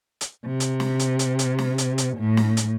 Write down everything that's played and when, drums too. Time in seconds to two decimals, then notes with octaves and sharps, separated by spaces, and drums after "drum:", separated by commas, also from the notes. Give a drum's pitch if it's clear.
0.21 drum: hi-hat
0.46 C3
0.60 drum: hi-hat
0.80 drum: snare
0.99 drum: hi-hat
1.19 drum: hi-hat
1.39 drum: hi-hat
1.59 drum: snare
1.78 drum: hi-hat
1.98 drum: hi-hat
2.18 A2
2.37 drum: snare
2.57 drum: hi-hat